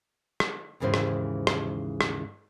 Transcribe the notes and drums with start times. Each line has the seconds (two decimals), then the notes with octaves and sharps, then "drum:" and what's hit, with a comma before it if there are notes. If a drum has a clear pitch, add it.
0.40 drum: rim click
0.80 D#2 G#2 C#3 E3 C5
0.94 drum: rim click
1.47 drum: rim click
2.01 drum: rim click